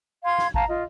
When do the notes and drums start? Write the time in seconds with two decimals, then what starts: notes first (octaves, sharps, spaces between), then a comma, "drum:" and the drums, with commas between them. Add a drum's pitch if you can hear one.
0.24 F5 C6 G#6
0.38 drum: snare
0.54 F5 A5 A#5, drum: kick G#1
0.69 F4 D#5